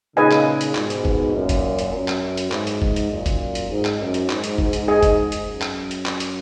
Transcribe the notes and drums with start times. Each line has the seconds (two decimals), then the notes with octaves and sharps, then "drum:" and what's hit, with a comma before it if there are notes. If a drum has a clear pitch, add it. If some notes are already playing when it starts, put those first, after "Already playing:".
0.16 A#2 C#3 D#4 G#4 B4 D#5 G#5
0.31 drum: clap
0.61 drum: hi-hat
0.75 G#2 B2, drum: clap
0.90 drum: hi-hat
1.05 drum: kick F#1
1.34 F#2 A#2
1.49 drum: kick F#1, hi-hat
1.79 drum: hi-hat
1.94 F#2
2.08 drum: clap
2.37 drum: hi-hat
2.52 G#2 G#4 B4 E5, drum: clap
2.67 drum: hi-hat
2.82 drum: kick F#1
2.96 drum: hi-hat
3.10 F#2 A#2
3.26 drum: kick F#1, hi-hat
3.55 drum: hi-hat
3.69 G#2
3.85 drum: clap
4.00 F#2
4.14 drum: hi-hat
4.29 G#2, drum: clap
4.44 drum: hi-hat
4.58 drum: kick F#1
4.73 drum: hi-hat
4.88 G#4 D#5 G#5
5.03 drum: kick F#1, hi-hat
5.32 drum: hi-hat
5.47 F#2
5.61 drum: clap
5.91 drum: hi-hat
6.06 drum: clap
6.20 drum: hi-hat